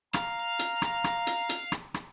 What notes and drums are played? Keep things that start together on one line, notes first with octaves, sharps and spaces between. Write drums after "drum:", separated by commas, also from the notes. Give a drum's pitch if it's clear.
F5 A#5, drum: rim click
drum: hi-hat
drum: rim click
drum: rim click
drum: hi-hat
drum: hi-hat
drum: rim click
drum: rim click